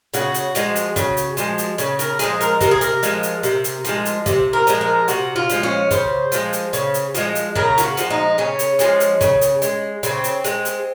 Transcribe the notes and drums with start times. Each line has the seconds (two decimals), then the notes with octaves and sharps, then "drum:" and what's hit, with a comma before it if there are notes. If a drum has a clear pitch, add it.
0.14 C#3 F#4, drum: hi-hat
0.34 drum: hi-hat
0.55 F3 G#3, drum: hi-hat
0.75 drum: hi-hat
0.96 C#3, drum: kick, hi-hat
1.17 drum: hi-hat
1.37 F3 G#3, drum: hi-hat
1.58 drum: hi-hat
1.78 C#3, drum: hi-hat
1.99 A#4, drum: hi-hat
2.19 F3 G#3 G#4, drum: hi-hat
2.41 A#4, drum: hi-hat
2.61 C3 A#4, drum: kick, hi-hat
2.71 G#4
2.81 A#4, drum: hi-hat
3.03 F3 G#3, drum: hi-hat
3.23 drum: hi-hat
3.43 C3, drum: hi-hat
3.64 drum: hi-hat
3.85 F3 G#3, drum: hi-hat
4.05 drum: hi-hat
4.26 C3, drum: kick, hi-hat
4.53 A#4
4.67 F3 G#3, drum: hi-hat
4.81 A#4
5.08 C3 F#4, drum: hi-hat
5.36 F4
5.49 F3 G#3, drum: hi-hat
5.63 C#4
5.91 C#3 C5, drum: kick, hi-hat
6.32 F3 G#3, drum: hi-hat
6.53 drum: hi-hat
6.73 C#3, drum: hi-hat
6.94 drum: hi-hat
7.15 F3 G#3, drum: hi-hat
7.35 drum: hi-hat
7.55 C#3 A#4, drum: kick
7.78 F4, drum: hi-hat
7.83 F#4
7.97 F3 G#3, drum: hi-hat
8.10 D#4
8.38 C#3 C#4
8.59 drum: hi-hat
8.79 F3 G#3, drum: hi-hat
9.00 drum: hi-hat
9.21 C#3, drum: kick, hi-hat
9.41 drum: hi-hat
9.62 G#3, drum: hi-hat
10.03 C#3 C4, drum: hi-hat
10.24 drum: hi-hat
10.44 G#3, drum: hi-hat
10.65 drum: hi-hat